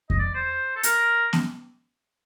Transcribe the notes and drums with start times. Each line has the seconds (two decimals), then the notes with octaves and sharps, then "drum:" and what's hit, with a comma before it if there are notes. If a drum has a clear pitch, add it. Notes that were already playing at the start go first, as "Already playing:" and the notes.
0.10 D#5, drum: kick F2
0.19 D5
0.35 C5
0.76 A4
0.83 A#4, drum: hi-hat
1.33 drum: snare B3